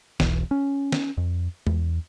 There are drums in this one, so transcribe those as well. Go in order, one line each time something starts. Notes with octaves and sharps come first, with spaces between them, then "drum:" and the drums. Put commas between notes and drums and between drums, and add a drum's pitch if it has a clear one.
E1 B1 E2, drum: snare
C#4
drum: snare
F2
E2, drum: tom